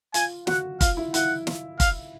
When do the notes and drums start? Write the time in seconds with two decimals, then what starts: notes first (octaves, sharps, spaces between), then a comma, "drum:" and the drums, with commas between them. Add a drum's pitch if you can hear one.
0.14 F4 G#5, drum: hi-hat
0.47 F#4 F#5, drum: snare
0.81 F4 F5, drum: kick, hi-hat
0.97 E4
1.14 E4 F#5, drum: hi-hat
1.47 drum: snare
1.80 F5, drum: kick, hi-hat